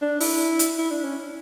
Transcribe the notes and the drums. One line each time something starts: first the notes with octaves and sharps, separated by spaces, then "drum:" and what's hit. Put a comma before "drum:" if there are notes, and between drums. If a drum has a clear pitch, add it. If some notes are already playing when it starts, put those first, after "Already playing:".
D4
E4, drum: open hi-hat
drum: hi-hat
E4
D4
C#4